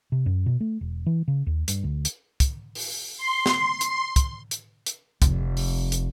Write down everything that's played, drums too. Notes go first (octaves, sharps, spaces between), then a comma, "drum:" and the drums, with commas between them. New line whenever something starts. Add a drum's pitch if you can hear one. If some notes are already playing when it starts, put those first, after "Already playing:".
C3
F#2
B2
A3
E1
E3
C#3
D#2
G2, drum: hi-hat
D2
drum: hi-hat
drum: kick, hi-hat
drum: open hi-hat
C6
drum: snare
drum: hi-hat
drum: kick, hi-hat
drum: hi-hat
drum: hi-hat
F1, drum: kick, hi-hat
drum: open hi-hat
drum: hi-hat